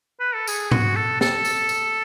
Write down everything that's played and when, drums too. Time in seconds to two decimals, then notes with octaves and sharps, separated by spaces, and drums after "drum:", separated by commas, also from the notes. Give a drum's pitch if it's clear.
0.20 B4
0.35 A4
0.47 G#4, drum: tambourine
0.71 F#4, drum: tom G#2
0.96 A4
1.21 A4, drum: snare
1.45 drum: tambourine
1.69 drum: tambourine